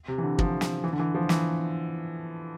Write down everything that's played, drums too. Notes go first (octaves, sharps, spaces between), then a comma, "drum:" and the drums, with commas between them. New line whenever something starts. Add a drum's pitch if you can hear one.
C3
E3
D3
F3, drum: kick
drum: snare
E3
D3
E3
F3
E3, drum: snare